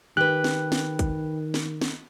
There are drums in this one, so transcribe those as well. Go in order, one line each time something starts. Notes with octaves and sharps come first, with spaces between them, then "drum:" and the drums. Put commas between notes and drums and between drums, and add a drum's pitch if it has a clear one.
D#3 G4 B4 F#6
drum: snare
drum: snare
drum: kick, hi-hat
drum: snare
drum: snare